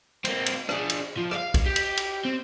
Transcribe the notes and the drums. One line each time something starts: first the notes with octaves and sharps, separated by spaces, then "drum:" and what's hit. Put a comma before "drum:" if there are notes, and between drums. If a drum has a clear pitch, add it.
A#3 C4, drum: cymbal
drum: cymbal
D4 G#4, drum: rim click
drum: cymbal
F3
D5 F5, drum: rim click
drum: kick, cymbal
G4
drum: cymbal
drum: cymbal
C4